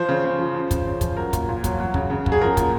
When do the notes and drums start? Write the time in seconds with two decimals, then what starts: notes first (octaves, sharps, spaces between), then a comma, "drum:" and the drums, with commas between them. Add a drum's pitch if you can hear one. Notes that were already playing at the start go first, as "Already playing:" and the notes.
Already playing: F3 C5
0.09 C#3
0.24 C#3
0.39 F3
0.55 F3
0.71 C#3, drum: kick, hi-hat
0.86 C#3
1.01 F3, drum: kick, hi-hat
1.17 F#3 A#4
1.33 A#2, drum: kick, hi-hat
1.49 A#2
1.64 F#3, drum: kick, hi-hat
1.80 F#3
1.94 C#3, drum: kick
2.10 C#3
2.26 F#3, drum: kick
2.32 G#4
2.41 F3 A#4
2.57 A#2, drum: kick, hi-hat